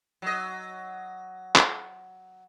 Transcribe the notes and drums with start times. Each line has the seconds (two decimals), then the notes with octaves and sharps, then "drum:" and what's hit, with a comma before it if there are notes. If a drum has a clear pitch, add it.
0.22 F#3 D#5
1.56 drum: clap